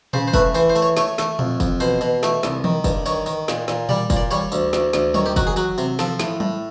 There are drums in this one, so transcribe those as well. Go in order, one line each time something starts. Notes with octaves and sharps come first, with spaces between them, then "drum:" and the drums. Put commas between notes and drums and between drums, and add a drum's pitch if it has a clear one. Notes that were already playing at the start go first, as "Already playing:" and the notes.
C#3 C5, drum: tom A#2
C5
A3 B4, drum: kick, tambourine
E3 C5, drum: tambourine
C5
A3, drum: tambourine
C#5
A3 C#5, drum: snare
A3, drum: snare
F2, drum: tom A#2
F2, drum: kick, tambourine
B2 C5, drum: tambourine
B2, drum: tambourine
A3, drum: snare
C2, drum: snare
D#3, drum: tom E3
G2, drum: kick, tambourine
D#3 C#5, drum: tambourine
D#3, drum: tambourine
A#2, drum: snare
A#2, drum: snare
G3 D5, drum: tom A#2
A#2, drum: kick, tambourine
D5
G3 C#5, drum: tambourine
D2, drum: tambourine
D2, drum: snare
D2, drum: snare
D#3 C#5, drum: tom F#3
G4
F#3 F#4, drum: kick, tambourine
G#4
F#3 F#4, drum: tambourine
C3, drum: tambourine
F3 A4, drum: snare
A2, drum: snare
A2, drum: tom F#3